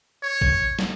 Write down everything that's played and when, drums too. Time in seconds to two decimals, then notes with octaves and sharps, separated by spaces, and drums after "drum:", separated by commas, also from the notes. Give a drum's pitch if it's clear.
0.23 C#5
0.41 drum: kick
0.79 drum: snare